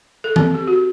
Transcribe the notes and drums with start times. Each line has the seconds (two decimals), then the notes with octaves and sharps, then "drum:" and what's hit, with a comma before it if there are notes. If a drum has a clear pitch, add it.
0.24 A4
0.36 C4, drum: tom E3
0.54 G4
0.67 F#4